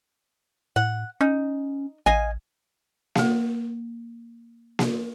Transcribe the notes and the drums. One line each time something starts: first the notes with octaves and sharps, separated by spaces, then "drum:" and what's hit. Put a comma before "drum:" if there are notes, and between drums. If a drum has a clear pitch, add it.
A2 F#5
C#4 D#4
A1 D#5 F5 G#5
A#3 F5, drum: snare A#3
drum: snare A#3